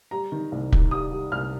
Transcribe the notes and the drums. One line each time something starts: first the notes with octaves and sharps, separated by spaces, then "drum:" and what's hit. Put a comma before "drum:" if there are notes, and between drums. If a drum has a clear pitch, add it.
G3 A#5
D#3
C2
D#3, drum: kick
G3 D#6
G3
C2 F6